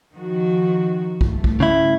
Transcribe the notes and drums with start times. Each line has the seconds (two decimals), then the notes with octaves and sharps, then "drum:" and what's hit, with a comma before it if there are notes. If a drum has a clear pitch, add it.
0.14 D#3 F3 F#4
1.21 G2 A3, drum: kick B1
1.44 drum: kick B1
1.60 C#3 E4